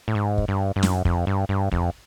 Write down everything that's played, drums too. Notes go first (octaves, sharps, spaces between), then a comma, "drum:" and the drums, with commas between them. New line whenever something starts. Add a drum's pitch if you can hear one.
A2
G#2
drum: kick
G2
G2
F#2, drum: snare
F2, drum: kick
G2
G2
F2, drum: kick